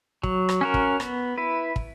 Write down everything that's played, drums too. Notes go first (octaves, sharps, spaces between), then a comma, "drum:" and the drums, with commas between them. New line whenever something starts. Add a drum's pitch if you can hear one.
F#3, drum: kick
drum: rim click
C#4 F#4 A#4
drum: kick
B3, drum: rim click
E4 B4
drum: kick